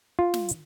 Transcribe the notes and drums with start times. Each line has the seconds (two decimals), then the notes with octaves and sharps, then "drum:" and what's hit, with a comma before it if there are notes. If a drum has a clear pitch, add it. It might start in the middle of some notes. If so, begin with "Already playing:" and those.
0.19 F4
0.34 drum: snare
0.49 drum: hi-hat